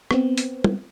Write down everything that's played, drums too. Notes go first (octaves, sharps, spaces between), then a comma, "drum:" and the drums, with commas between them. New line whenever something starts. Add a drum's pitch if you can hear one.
B3 C4, drum: rim click
drum: hi-hat
drum: tom